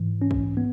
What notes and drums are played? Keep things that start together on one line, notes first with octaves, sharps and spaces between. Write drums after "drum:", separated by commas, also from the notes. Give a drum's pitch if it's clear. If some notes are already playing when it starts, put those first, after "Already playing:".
Already playing: G#2 E3
C#4
drum: kick
B3